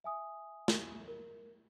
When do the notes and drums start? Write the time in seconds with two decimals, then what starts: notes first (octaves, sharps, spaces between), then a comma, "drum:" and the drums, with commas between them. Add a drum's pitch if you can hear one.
0.04 E5 G#5 D#6
0.68 drum: snare
1.08 A#4